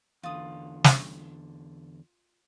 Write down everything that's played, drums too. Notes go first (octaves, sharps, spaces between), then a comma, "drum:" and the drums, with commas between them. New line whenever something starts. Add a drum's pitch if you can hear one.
E2 D3 F4 D#6
drum: snare